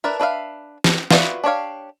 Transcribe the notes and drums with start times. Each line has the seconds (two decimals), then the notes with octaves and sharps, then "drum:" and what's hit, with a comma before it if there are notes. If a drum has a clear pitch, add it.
0.04 D4 E4 A#4 B4
0.20 D4 B4 E5 F5
0.84 drum: snare
1.11 F4 F#4 B4 D5 E5, drum: snare
1.44 D4 G4 C#5 F5